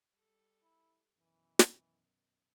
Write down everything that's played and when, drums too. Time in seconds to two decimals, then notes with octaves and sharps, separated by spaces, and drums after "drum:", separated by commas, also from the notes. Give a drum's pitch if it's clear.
0.14 G3 A4
0.63 E4
1.18 F#2 B2 D#3 E3
1.59 drum: snare